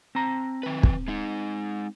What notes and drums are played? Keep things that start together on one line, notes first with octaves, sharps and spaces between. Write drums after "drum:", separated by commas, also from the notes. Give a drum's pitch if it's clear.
C4 A5 A#5
D#3 B4
drum: kick
G#3 D#4